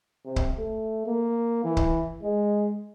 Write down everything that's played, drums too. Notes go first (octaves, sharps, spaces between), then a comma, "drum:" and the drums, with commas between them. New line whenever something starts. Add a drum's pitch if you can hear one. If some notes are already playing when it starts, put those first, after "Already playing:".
C3
drum: kick C#1
A3
A#3
E3
drum: kick C#1
G#3